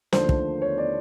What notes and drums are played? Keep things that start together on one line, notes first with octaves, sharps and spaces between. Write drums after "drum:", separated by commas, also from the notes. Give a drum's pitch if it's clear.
D#2 D3 F3 A3 D4 C5, drum: snare
drum: kick
C#5
D5